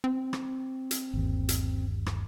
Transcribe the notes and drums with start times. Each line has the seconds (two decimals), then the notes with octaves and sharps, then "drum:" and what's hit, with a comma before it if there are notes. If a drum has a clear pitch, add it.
0.04 C4
0.33 drum: rim click
0.91 drum: hi-hat
1.13 G1 D#2
1.49 drum: hi-hat
2.06 drum: rim click